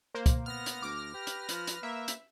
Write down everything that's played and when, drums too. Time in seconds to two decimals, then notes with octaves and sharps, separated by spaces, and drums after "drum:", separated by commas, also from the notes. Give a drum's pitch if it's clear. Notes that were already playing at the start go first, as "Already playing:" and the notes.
0.15 A#3 C5
0.26 drum: kick, hi-hat
0.46 B3 F6 A#6
0.66 drum: hi-hat
0.82 D2 D6
1.14 G4 B4
1.27 drum: hi-hat
1.49 F3, drum: hi-hat
1.67 drum: hi-hat
1.83 A#3 E5
2.08 drum: hi-hat